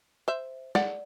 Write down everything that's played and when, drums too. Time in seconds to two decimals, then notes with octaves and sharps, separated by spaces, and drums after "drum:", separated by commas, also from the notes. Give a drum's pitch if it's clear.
0.28 C5 E5
0.75 D5 F#5, drum: snare